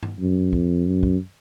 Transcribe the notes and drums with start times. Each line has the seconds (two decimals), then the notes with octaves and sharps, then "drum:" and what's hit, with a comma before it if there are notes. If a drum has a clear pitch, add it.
0.03 drum: tom G2
0.20 F#2
0.53 F2, drum: kick
0.86 F#2
1.03 drum: kick